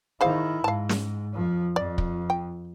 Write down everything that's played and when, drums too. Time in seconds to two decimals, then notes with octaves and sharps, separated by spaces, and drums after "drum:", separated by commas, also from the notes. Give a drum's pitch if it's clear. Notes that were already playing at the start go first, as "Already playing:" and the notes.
0.21 D#3 E4 G#4 C5 F5
0.64 G#2 F5 A5
0.89 drum: snare
1.33 F2 F3
1.76 F2 D5
1.98 drum: kick
2.30 G5